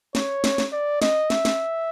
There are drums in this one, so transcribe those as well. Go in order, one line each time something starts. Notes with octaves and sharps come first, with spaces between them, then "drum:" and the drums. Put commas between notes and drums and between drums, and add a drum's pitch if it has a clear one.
C#5, drum: snare
drum: snare
drum: snare
D5
D#5, drum: snare
E5, drum: snare
drum: snare